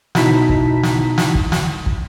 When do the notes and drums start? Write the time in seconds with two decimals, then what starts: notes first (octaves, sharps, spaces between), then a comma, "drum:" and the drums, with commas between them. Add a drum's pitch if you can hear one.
0.15 B2 D#4 E4 A5 A#5 B6, drum: snare
0.49 drum: kick
0.83 drum: snare
1.18 drum: snare
1.35 drum: kick
1.52 drum: snare
1.86 drum: kick